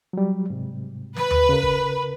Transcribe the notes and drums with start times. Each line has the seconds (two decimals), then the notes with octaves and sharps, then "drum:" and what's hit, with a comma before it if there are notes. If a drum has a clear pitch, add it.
0.13 F#3 G3
0.50 G#2 C3
1.16 B4, drum: snare
1.31 drum: tom D#2
1.49 C#3 A#4
1.63 drum: kick